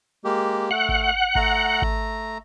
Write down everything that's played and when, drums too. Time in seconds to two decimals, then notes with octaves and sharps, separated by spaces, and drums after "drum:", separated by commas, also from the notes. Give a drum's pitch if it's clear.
0.24 G#3 A#3 G4
0.71 A3 F#5
0.89 drum: kick G#1
1.35 A3 A#5, drum: kick G#1
1.82 drum: kick G#1